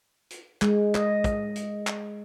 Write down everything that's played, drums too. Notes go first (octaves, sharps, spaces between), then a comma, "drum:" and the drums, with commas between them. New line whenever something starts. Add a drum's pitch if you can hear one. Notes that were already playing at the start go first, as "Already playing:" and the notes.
drum: hi-hat
G#3, drum: clap
D#5, drum: clap
drum: kick, hi-hat
drum: hi-hat
drum: clap